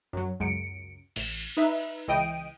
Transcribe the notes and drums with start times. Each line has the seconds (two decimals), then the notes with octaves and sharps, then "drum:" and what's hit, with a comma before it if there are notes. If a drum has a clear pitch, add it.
0.13 F#2 F#3
0.40 C#2 F#2 C#7 D7
1.16 A1 E7, drum: cymbal
1.57 D#4 B4 E5
2.08 C#2 E3 D#5 G5 D7 D#7